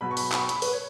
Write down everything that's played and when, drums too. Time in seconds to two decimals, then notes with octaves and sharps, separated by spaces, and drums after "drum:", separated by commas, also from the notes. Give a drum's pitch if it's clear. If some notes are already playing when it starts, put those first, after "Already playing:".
0.01 B2 F#3 B5
0.11 C#6
0.17 B5, drum: open hi-hat
0.32 B5, drum: clap
0.40 C#6
0.49 B5, drum: hi-hat
0.62 B4, drum: open hi-hat
0.73 C#5